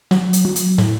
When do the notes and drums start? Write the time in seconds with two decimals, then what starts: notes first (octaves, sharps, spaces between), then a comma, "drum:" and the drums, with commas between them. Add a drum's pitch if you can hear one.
0.11 F#3, drum: snare
0.33 drum: hi-hat
0.45 F#3
0.56 drum: hi-hat
0.78 A2, drum: snare